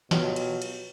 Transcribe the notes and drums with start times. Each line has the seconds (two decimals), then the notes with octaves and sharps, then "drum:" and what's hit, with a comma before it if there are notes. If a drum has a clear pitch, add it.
0.11 B2 F#3 F4 G4 D#5, drum: snare
0.36 drum: cymbal
0.62 drum: cymbal